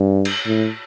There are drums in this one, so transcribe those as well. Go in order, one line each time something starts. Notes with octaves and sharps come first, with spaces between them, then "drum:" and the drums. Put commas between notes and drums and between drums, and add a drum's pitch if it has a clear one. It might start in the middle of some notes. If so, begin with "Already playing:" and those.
Already playing: G2
drum: cymbal
A2